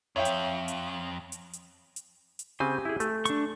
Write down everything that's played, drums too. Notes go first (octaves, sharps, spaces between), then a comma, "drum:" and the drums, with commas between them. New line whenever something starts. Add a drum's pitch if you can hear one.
F2 C#5 E5 G5
drum: hi-hat
drum: hi-hat
drum: hi-hat
drum: hi-hat
drum: hi-hat
drum: hi-hat
C#3 C4 G4 G#5
E4 G#4
A3, drum: hi-hat
D4 C#6, drum: hi-hat